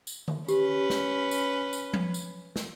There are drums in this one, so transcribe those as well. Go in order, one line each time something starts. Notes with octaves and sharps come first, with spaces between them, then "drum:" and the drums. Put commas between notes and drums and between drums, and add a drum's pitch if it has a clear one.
drum: tambourine
drum: tom D3
C#4 G4 B4, drum: tambourine
drum: snare
drum: tambourine
drum: tambourine
drum: tom F3
drum: tambourine
drum: snare